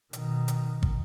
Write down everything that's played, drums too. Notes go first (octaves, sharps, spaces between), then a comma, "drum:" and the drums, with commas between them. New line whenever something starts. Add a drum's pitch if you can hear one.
B2 D#3, drum: hi-hat
drum: hi-hat
drum: kick